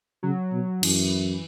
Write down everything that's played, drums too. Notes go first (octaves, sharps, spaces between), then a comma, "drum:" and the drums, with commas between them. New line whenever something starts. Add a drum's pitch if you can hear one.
C#3 F#3
B2
F#2 E3, drum: cymbal